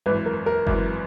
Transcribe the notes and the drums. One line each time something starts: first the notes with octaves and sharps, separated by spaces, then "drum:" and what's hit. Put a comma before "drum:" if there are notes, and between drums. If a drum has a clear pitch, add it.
G#1 F#2 E3 B4
A#4
A#4
G#1 F#2 E3, drum: kick F#1